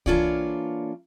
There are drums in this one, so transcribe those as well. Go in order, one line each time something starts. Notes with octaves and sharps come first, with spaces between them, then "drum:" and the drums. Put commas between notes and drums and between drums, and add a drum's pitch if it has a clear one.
E3 A#3 D4 F4 C#5 D5, drum: kick C2